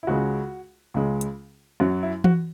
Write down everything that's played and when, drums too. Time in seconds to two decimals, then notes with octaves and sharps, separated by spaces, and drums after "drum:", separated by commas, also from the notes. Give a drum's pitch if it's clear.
0.03 E4
0.07 C#2 C#3 G#3 F#4
0.94 C#2 C#3 G#3
1.21 drum: hi-hat
1.80 F#2 F#3 F#4
2.03 E4
2.24 F#4, drum: tom E3